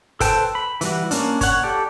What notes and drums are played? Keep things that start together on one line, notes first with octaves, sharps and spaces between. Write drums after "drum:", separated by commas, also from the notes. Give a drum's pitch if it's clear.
A4 B4 C5 G5 A5, drum: kick, hi-hat
B5
E3 G3 F#4, drum: hi-hat
A#3 C#4 D4, drum: hi-hat
C#5 F#5, drum: kick, hi-hat
G4 A4 D5